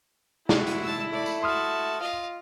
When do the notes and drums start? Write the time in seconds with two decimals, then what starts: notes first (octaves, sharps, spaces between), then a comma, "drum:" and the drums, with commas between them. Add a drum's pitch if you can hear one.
0.49 E4 F#4, drum: snare
0.67 drum: hi-hat
0.83 A5 E6
1.13 A3 D5 B5
1.26 drum: tambourine
1.43 F#4 A5 C6 D#6 F6
2.01 F4 D#5 F5